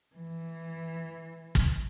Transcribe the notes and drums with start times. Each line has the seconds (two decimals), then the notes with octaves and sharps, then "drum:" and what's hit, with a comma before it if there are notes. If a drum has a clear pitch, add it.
0.16 E3
1.55 drum: kick